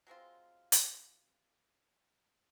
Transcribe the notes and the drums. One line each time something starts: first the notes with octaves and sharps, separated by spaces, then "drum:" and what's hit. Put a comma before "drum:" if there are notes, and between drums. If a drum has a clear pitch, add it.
F#3 G#3 C4 F4
drum: hi-hat